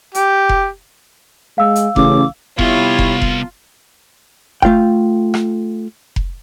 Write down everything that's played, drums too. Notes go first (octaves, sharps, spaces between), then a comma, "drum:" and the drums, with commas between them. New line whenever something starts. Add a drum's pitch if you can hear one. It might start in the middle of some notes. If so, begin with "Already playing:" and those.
G4, drum: hi-hat
drum: kick F1
G#3 F5 E6
drum: hi-hat
A1 C#3 D6, drum: kick F1
C2 B3 E4 F4 G4 C#5, drum: kick F1
drum: kick F1
drum: kick F1
A3 F4 F5 G5, drum: kick F1
drum: rim click
drum: kick F1